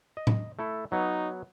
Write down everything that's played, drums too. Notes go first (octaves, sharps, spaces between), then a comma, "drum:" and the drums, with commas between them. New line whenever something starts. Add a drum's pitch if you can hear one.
D#5
drum: tom A2
A3 E4 A4
F#3 B3 D#4 C#5